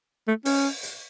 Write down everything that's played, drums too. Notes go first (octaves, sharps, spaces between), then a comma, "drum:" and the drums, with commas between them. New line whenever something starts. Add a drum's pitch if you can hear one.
A3
C#4, drum: open hi-hat
drum: hi-hat